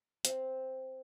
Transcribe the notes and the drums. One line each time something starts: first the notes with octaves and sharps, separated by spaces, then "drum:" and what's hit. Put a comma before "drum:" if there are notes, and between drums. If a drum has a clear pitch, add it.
C4, drum: hi-hat